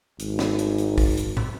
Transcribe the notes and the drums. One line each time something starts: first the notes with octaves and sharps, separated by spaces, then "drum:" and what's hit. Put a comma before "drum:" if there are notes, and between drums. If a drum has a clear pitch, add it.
G#1, drum: hi-hat
drum: snare
drum: hi-hat
drum: hi-hat
drum: kick, open hi-hat
drum: hi-hat
drum: tom